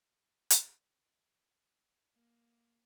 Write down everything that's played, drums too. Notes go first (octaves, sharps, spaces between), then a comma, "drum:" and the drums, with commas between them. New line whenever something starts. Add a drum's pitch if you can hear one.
drum: hi-hat
A#3